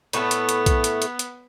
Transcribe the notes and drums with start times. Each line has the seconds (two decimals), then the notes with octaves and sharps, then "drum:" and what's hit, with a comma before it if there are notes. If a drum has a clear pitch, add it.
0.13 A2 A3 B3 A4, drum: hi-hat
0.31 drum: hi-hat
0.49 drum: hi-hat
0.66 drum: kick, hi-hat
0.84 drum: hi-hat
1.02 drum: hi-hat
1.19 drum: hi-hat